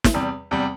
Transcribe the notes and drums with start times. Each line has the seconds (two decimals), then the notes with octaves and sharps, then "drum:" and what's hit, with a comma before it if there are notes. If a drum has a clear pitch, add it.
0.04 drum: snare
0.14 E2 C3 G3
0.51 E2 C3 G3